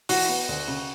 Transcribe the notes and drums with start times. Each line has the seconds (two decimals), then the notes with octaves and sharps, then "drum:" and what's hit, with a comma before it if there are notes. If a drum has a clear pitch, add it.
0.09 E3 F#4, drum: open hi-hat
0.29 B3
0.49 D2
0.68 C#3